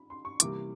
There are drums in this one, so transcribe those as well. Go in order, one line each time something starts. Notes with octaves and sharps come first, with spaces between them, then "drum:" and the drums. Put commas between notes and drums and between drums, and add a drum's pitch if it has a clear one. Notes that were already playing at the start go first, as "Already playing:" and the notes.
Already playing: B5
C6
C#6
C3 E3 G3 A#3 D6, drum: hi-hat